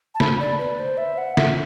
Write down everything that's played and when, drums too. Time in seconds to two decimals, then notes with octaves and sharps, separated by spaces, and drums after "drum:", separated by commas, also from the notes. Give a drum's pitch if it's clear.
0.15 A5
0.20 B5, drum: snare
0.40 D5
0.58 B4
0.79 C5
0.97 E5
1.18 F#5
1.37 E5, drum: snare